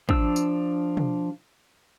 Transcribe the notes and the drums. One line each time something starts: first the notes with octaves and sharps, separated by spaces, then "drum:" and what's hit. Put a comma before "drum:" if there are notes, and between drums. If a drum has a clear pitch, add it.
F3 D4 E6, drum: kick
drum: tambourine
drum: tom